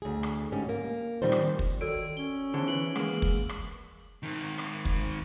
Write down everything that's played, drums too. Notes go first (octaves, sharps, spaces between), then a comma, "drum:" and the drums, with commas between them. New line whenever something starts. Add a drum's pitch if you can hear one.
D2 G#4
drum: rim click
G#2 C#4 G4
A#3
A#2 D#3 F3 G3 C4 C5
drum: rim click
drum: kick
D#3 F#4 A4 D5 E6 D7
C#4 G7
E2 A2 D3 D#4 G#4 C5
E3 F#7
E3 G#3 A#3 F#5, drum: rim click
drum: kick
drum: rim click
G#2 D#3
drum: rim click
drum: kick